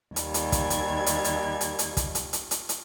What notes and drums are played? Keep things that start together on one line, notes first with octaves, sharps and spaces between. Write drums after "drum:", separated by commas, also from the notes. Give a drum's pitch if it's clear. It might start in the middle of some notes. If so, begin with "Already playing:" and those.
D#2 G3 G#6, drum: hi-hat
drum: hi-hat
drum: kick, hi-hat
drum: hi-hat
drum: hi-hat
drum: hi-hat
drum: hi-hat
drum: hi-hat
drum: kick, hi-hat
drum: hi-hat
drum: hi-hat
drum: hi-hat
drum: hi-hat